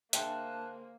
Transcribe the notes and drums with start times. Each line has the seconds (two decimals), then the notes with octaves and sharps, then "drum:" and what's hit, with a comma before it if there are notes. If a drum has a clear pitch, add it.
0.13 D3 A#3 G#4 C5 E5 G5 A5 F#6, drum: hi-hat